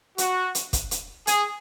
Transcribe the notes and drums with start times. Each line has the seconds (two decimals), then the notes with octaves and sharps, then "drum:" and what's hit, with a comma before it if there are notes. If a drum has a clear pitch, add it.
0.18 F#4, drum: hi-hat
0.55 drum: hi-hat
0.73 drum: kick, hi-hat
0.91 drum: hi-hat
1.27 G#4, drum: hi-hat